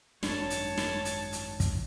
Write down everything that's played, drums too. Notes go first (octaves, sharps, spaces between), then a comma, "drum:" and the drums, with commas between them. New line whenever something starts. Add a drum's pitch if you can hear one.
G#1 F#2 D4 C#5 A5, drum: snare
drum: hi-hat
drum: snare
drum: hi-hat
drum: hi-hat
drum: kick, hi-hat